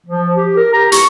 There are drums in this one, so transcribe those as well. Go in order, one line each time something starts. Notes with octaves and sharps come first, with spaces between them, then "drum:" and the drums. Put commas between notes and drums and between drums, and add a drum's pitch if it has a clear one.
F3
G4
A#4
G4 A#5
C#6, drum: hi-hat